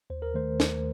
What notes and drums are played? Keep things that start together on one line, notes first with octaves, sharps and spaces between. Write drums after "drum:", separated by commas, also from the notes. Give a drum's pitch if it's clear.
D#2 C5
A#4
D#3 A3 C5
D#2, drum: snare